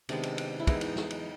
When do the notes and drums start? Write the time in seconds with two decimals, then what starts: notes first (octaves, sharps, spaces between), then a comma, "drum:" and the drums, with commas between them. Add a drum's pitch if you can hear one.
0.09 C3 D#3 G#3 B3 D4, drum: cymbal
0.23 drum: cymbal
0.38 drum: cymbal
0.60 E4
0.67 E3 G#3 B3 D#4, drum: kick, cymbal
0.81 D#4, drum: cymbal
0.96 drum: snare
1.11 drum: cymbal